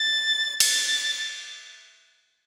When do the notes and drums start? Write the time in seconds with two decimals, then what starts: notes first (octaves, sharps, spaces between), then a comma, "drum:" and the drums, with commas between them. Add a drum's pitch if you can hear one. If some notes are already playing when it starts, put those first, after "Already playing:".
Already playing: A6
0.60 A6, drum: cymbal